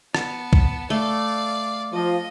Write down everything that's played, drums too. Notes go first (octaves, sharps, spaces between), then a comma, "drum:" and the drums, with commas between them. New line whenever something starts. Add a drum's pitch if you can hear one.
B3 A5, drum: rim click
drum: kick
A3 D5 F5
F3 D#5